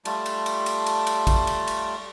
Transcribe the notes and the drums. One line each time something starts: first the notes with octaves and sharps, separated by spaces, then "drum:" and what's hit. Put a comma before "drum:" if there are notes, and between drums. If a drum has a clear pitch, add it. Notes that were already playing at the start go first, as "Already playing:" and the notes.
G3 A3 F4 A5, drum: cymbal
drum: cymbal
drum: cymbal
drum: cymbal
drum: cymbal
drum: cymbal
drum: kick A#1, cymbal
drum: cymbal
drum: cymbal